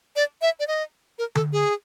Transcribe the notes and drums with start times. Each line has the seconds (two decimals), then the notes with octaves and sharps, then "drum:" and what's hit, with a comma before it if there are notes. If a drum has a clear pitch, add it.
0.16 D5
0.42 E5
0.60 D5
0.67 D#5
1.18 A#4
1.35 A4, drum: tom D3
1.53 G#4